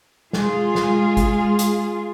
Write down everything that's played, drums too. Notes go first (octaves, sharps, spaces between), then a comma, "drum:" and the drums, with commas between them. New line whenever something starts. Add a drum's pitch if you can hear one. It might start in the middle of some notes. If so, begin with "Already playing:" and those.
G#3 F4 G#4, drum: snare
drum: snare
drum: kick, hi-hat
drum: hi-hat